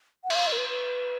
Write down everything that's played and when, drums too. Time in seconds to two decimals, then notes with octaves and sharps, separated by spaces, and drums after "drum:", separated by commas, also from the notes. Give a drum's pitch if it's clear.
0.24 F#5
0.30 E5, drum: cymbal
0.35 F5
0.47 D#5
0.52 A#4
0.58 B4
0.69 B4